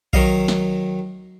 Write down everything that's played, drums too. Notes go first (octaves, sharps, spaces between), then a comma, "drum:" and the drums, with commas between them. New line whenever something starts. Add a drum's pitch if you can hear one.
D#3 F#3 D#5 F5, drum: kick B1
drum: snare